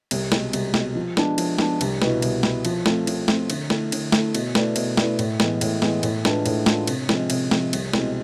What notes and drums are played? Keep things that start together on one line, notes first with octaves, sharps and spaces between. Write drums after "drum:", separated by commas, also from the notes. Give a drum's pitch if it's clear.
C2, drum: cymbal
B2 G#3, drum: snare
C2, drum: cymbal
B2 G#3, drum: snare
F3
G#3 B3 D4, drum: snare
F3, drum: cymbal
G#3 B3 D4, drum: snare
C2, drum: cymbal
B2 B3 E4 B4, drum: snare
C2, drum: cymbal
B2 B3 E4 B4, drum: snare
F3, drum: cymbal
A3 C4 F4, drum: snare
F3, drum: cymbal
A3 C4 F4, drum: snare
D3, drum: cymbal
A3 E4, drum: snare
D3, drum: cymbal
A3 E4, drum: snare
B2, drum: cymbal
A3 E4 B4 D5, drum: snare
B2, drum: cymbal
A3 E4 B4 D5, drum: snare
A2, drum: cymbal
E3 G#3 B3, drum: snare
A2, drum: cymbal
E3 G#3 B3, drum: snare
A2, drum: cymbal
G#3 D4 F4 B4, drum: snare
A2, drum: cymbal
G#3 D4 F4 B4, drum: snare
C3, drum: cymbal
F3 G#3 C4, drum: snare
C3, drum: cymbal
F3 G#3 C4, drum: snare
C2, drum: cymbal
B2 G#3 C4 E4, drum: snare